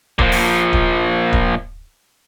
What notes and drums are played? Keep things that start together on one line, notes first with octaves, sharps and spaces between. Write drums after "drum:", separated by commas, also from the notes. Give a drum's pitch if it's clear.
A#2 F3, drum: kick
drum: open hi-hat
drum: kick
drum: kick